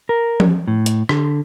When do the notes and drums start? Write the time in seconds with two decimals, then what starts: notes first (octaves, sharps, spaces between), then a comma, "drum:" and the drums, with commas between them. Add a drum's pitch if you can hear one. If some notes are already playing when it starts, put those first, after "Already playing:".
0.09 A#4
0.40 drum: tom F3
0.68 A2
0.86 drum: hi-hat
1.09 D3, drum: rim click